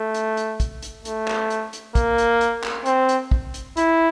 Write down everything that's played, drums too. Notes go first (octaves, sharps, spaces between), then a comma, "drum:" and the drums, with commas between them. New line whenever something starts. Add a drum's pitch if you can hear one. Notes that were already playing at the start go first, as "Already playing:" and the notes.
Already playing: A3
drum: hi-hat
drum: hi-hat
drum: kick, hi-hat
drum: hi-hat
A3, drum: hi-hat
drum: clap
drum: hi-hat
drum: hi-hat
A#3, drum: kick, hi-hat
drum: hi-hat
drum: hi-hat
drum: clap
C4, drum: hi-hat
drum: hi-hat
drum: kick
drum: hi-hat
E4, drum: hi-hat